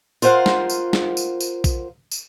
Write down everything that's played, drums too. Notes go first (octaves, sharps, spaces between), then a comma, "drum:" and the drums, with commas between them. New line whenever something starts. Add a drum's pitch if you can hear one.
F4 A#4 C5 F5 F#5, drum: tambourine
drum: snare
drum: tambourine
drum: snare
drum: tambourine
drum: tambourine
drum: kick A#1, tambourine
drum: tambourine